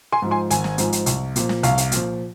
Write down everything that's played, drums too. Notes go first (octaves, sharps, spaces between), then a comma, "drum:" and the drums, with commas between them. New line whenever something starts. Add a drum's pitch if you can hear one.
G#5 C6
G#2 F3
G#5 C6
G#1 G#5, drum: hi-hat
drum: snare
G#2 F3, drum: hi-hat
drum: hi-hat
C2, drum: hi-hat
A#2 F3, drum: hi-hat
drum: snare
C2 F5, drum: hi-hat
drum: hi-hat
A#2 F3, drum: hi-hat